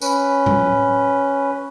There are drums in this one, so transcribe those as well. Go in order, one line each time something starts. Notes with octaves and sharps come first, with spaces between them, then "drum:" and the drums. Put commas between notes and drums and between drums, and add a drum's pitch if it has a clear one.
C#4 B4, drum: tambourine
drum: tom A2